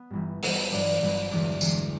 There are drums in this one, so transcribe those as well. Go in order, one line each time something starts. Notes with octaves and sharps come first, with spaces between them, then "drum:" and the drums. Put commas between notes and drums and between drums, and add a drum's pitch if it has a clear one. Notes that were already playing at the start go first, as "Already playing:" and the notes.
Already playing: B3 F#5
G1 G2 E3 G3
G1 G2 E3 G3, drum: open hi-hat
G1 G2 F#3 D4 D5
G1 G2 F#3
E1 E2 D3 D4 D5
E1 E2 D3, drum: tambourine